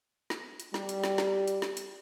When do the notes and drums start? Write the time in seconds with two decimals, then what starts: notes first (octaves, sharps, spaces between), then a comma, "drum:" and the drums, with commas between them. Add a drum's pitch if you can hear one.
0.30 drum: snare
0.60 drum: hi-hat
0.74 G3, drum: snare
0.89 drum: hi-hat
1.04 drum: snare
1.18 drum: snare
1.48 drum: hi-hat
1.62 drum: snare
1.77 drum: hi-hat